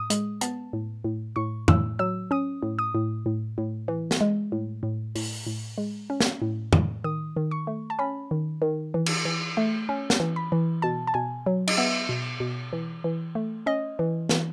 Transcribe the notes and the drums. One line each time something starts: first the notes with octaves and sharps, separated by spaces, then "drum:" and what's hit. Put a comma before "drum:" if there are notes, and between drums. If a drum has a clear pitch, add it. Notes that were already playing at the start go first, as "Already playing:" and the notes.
Already playing: A2 D#6
G#3, drum: hi-hat
B3 A5, drum: hi-hat
A2
A2
A2 C#6
A2 E6, drum: tom
F#3 E6
C#4 D#6
A2
D#6
A2
A2
A2
E3
drum: snare
G#3
A2
A2
A2, drum: open hi-hat
A2
G#3
C#4
drum: snare
A2
A2, drum: tom
D#3 D#6
D#3
C#6
A3
A5
C#4 B5
D#3
D#3
E3
drum: cymbal
E3
A3
C#4
drum: snare
E3
B5
E3
B2 A5
A5
B2 G#5
F#3
D#5, drum: cymbal
B3 E5
B2
B2
E3
E3
A3
C#4 D#5
E3
E3, drum: snare